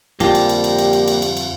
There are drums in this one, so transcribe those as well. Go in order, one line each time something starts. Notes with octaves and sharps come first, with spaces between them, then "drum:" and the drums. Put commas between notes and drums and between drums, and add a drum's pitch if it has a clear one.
F2 G#2 D3 F3 G3 A#3 G4, drum: cymbal
drum: cymbal
drum: cymbal
drum: cymbal
drum: cymbal
drum: cymbal
drum: cymbal
drum: cymbal
drum: cymbal